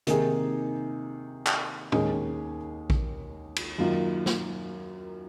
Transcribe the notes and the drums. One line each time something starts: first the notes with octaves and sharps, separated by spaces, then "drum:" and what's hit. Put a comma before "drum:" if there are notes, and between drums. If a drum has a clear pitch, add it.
C3 D#3 A#3 D#4 G#4, drum: hi-hat
drum: clap
D#2 D#3 G#3 C#4 G#4, drum: tom A2
drum: kick A#1
drum: cymbal
F#2 D#3 A#3 F4
drum: snare